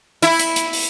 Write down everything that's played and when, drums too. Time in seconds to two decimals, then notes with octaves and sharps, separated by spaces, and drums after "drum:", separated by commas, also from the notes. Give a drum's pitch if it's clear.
0.22 E4, drum: hi-hat
0.39 drum: hi-hat
0.56 drum: hi-hat
0.73 drum: open hi-hat